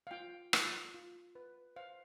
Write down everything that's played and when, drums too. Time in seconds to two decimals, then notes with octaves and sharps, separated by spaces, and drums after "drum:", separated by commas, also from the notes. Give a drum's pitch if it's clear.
0.07 F5
0.11 F4 G5
0.53 F4, drum: rim click
0.94 F4
1.35 B4
1.76 C5 F5